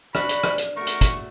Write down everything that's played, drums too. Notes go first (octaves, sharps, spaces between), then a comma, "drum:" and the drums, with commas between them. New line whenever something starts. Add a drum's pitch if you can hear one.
D4 F#4 B5, drum: rim click
drum: hi-hat
drum: rim click
drum: hi-hat
A3 F#4 A#4 C#6
drum: hi-hat
drum: kick, hi-hat